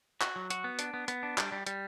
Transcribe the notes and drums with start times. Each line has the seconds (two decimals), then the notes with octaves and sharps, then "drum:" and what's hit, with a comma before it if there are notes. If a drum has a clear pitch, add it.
0.21 F#4, drum: clap
0.36 F#3
0.50 F#4, drum: hi-hat
0.64 B3
0.79 D4, drum: hi-hat
0.94 B3
1.08 B3, drum: hi-hat
1.23 D4
1.38 G3, drum: clap
1.52 G3
1.67 G3, drum: hi-hat